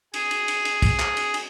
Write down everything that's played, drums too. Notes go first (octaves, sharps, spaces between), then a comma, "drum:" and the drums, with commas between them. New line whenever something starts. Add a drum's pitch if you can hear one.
G#4, drum: cymbal
drum: cymbal
drum: cymbal
drum: cymbal
drum: kick, cymbal
drum: clap
drum: cymbal
drum: cymbal